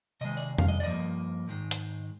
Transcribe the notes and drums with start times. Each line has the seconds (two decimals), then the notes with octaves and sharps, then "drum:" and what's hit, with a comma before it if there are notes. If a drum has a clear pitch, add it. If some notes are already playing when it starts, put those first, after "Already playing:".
0.21 C3 D#3 G#3 D#5
0.37 D5
0.58 F5, drum: tom F2
0.68 D#5
0.80 D5
0.83 G2 F3 A#3 D#5
1.47 G#2 D#3 G#3
1.71 drum: hi-hat